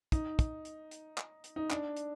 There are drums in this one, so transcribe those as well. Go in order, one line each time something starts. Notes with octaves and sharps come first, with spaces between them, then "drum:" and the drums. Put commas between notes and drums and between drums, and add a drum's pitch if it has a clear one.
D#4, drum: kick, hi-hat
drum: kick, hi-hat
drum: hi-hat
drum: hi-hat
drum: clap
drum: hi-hat
D#4
D4, drum: clap
drum: hi-hat